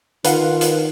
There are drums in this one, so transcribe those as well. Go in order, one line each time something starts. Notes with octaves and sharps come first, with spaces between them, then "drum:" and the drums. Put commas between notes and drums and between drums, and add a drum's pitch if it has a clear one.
D#3 F4 B4 F5 F#5, drum: hi-hat
drum: hi-hat